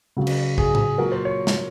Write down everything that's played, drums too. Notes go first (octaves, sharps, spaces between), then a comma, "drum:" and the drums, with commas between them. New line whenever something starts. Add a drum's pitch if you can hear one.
C#3 F#3
drum: cymbal
G#4, drum: kick A#1
drum: tom A2
A#2 F#3 A#4
C5
C#5
drum: snare